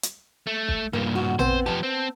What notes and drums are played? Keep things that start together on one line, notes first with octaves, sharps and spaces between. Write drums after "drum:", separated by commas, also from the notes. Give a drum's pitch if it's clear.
drum: hi-hat
A3
drum: kick
G2 A#2 A#3
F#4
B3 C4 C5, drum: tom A1
F3 G4 A5
C4